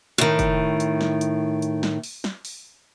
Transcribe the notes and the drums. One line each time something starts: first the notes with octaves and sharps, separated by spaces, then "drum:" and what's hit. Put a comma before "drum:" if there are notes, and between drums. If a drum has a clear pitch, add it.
A2 D#3
drum: kick, hi-hat
drum: hi-hat
drum: snare
drum: hi-hat
drum: hi-hat
drum: snare
drum: open hi-hat
drum: snare
drum: open hi-hat